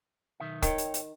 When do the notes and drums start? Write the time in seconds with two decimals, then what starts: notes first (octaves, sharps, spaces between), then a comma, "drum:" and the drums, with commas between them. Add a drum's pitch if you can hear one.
0.40 B1 D#3 E5
0.62 D#3 C#5 G5, drum: kick, hi-hat
0.78 drum: hi-hat
0.94 drum: hi-hat